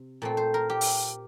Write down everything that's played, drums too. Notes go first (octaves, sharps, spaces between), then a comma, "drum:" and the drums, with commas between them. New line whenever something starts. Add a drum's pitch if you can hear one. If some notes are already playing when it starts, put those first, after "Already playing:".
Already playing: C3
A#2 A3 C4
C5
A#4
G4
drum: open hi-hat